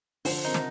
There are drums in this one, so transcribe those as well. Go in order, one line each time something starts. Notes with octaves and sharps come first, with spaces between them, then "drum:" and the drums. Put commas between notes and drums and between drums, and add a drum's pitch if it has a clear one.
D3 F3 C5, drum: open hi-hat
C3 D#3 D#4
drum: snare